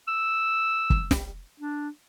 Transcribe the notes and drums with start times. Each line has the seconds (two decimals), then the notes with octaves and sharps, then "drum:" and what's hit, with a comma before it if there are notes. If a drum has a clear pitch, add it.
0.08 E6
0.90 drum: kick
1.11 drum: snare
1.60 D4